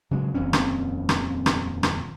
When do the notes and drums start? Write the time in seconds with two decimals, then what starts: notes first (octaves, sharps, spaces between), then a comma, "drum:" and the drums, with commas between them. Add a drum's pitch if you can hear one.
0.11 C#3 F#3 G#3
0.35 D#1 F2 C4 C#4
0.53 drum: rim click
1.09 drum: rim click
1.46 drum: rim click
1.83 drum: rim click